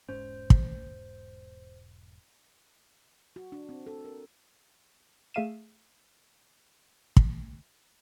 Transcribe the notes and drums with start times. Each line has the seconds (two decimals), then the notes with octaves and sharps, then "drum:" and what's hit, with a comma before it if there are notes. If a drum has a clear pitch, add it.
0.09 E1 G#2 C#4 C5
0.50 drum: kick
3.36 F#4
3.52 D4
3.69 C4
3.87 A4
4.05 A#4
5.34 A3 G#4 E5 F5 D#7 E7
7.17 drum: kick